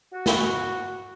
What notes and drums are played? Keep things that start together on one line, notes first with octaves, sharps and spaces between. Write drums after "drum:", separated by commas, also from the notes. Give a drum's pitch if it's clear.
F#4
drum: snare